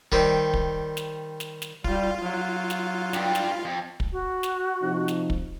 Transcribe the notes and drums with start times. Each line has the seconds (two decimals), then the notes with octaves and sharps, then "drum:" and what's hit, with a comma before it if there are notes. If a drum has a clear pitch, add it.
0.12 D#3 G3 C4, drum: kick
0.53 drum: kick
0.97 drum: snare
1.40 drum: snare
1.62 drum: snare
1.84 G3 F4, drum: kick
2.22 F#3
2.70 drum: snare
3.13 G2 G3, drum: snare
3.35 drum: snare
3.65 F2
4.00 drum: kick
4.12 F#4
4.43 drum: snare
4.81 C3 F3 D#4
5.08 drum: snare
5.30 drum: kick